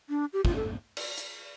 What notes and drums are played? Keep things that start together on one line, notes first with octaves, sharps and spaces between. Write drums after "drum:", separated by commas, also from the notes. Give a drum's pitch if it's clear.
D4
G4
F4, drum: kick
A4
drum: cymbal
drum: hi-hat